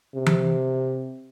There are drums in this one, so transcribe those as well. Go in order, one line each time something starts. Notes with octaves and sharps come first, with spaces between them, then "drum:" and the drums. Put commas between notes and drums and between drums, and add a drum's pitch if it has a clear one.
C3
drum: tom E3